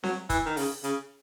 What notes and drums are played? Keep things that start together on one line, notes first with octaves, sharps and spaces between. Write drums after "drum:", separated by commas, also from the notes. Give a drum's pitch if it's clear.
F#3, drum: snare C4
E3, drum: kick, hi-hat
D#3
C#3, drum: open hi-hat
C#3, drum: hi-hat